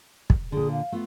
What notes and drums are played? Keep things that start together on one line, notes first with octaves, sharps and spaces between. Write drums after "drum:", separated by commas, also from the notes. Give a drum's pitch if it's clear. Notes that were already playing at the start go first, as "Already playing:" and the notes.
drum: kick
A#2 D3 G#4
F5
A3 B3 F4